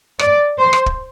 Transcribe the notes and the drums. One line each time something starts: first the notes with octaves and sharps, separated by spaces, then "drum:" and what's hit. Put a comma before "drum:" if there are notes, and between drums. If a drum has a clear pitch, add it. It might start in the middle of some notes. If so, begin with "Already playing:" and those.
D5, drum: rim click
C5
drum: rim click
drum: kick